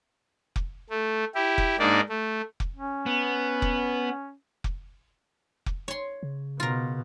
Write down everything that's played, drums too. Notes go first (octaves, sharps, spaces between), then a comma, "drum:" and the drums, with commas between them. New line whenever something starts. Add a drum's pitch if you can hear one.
drum: kick F1
A3
E4 G4
drum: kick F1
G#2 A#3 D4 D#4 D5
A3
drum: kick F1
C#4
B3
drum: kick F1
drum: kick F1
drum: kick F1
C#5 C6
C#3
B2 F4 A#4